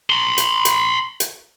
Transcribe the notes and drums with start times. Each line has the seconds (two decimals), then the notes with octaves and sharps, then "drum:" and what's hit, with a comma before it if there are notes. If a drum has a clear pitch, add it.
0.10 B5 C6
0.38 drum: hi-hat
0.65 drum: hi-hat
1.20 drum: hi-hat